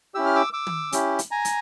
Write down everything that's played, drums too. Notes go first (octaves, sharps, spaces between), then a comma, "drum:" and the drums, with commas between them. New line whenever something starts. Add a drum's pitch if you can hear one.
C#4 E4 G4 E6
F6
D6 E6
D6 E6
drum: tom
C#4 E4 G4, drum: hi-hat
drum: hi-hat
G#5 A#5
drum: hi-hat